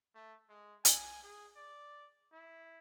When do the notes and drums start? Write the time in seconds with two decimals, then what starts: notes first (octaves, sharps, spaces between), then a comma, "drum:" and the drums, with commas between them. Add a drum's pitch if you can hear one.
0.15 A3
0.49 G#3
0.85 G#5, drum: hi-hat
1.23 G#4
1.56 D5
2.32 E4